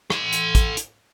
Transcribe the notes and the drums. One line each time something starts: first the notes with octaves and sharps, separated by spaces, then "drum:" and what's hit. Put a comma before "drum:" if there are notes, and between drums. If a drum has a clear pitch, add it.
A4 C6, drum: rim click
drum: hi-hat
drum: kick, hi-hat
drum: hi-hat